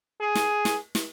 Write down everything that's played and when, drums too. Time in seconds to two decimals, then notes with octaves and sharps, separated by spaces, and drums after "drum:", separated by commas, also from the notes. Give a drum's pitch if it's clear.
0.21 G#4
0.35 drum: snare
0.65 drum: snare
0.95 drum: snare